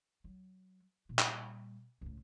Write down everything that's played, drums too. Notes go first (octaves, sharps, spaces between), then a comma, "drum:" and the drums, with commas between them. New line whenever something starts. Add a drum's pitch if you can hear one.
F#3
A#2 G3
drum: clap
C#2 A2